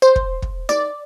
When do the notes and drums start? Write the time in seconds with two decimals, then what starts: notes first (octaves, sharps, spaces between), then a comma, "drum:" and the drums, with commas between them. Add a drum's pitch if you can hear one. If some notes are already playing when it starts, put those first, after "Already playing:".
0.02 C5
0.16 drum: kick
0.42 drum: kick
0.69 D5, drum: snare D#4